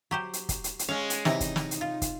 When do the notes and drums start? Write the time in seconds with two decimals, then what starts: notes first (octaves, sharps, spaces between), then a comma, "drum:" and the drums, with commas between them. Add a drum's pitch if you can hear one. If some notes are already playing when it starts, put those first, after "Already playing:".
0.11 F#3 G4 C5
0.33 drum: hi-hat
0.49 drum: kick, hi-hat
0.64 drum: hi-hat
0.79 drum: hi-hat
0.89 G#3 C#4 F5
1.10 drum: hi-hat
1.25 C3 E3 D#4, drum: snare
1.40 drum: kick, hi-hat
1.56 drum: snare
1.71 drum: hi-hat
1.81 F4
2.02 drum: kick, hi-hat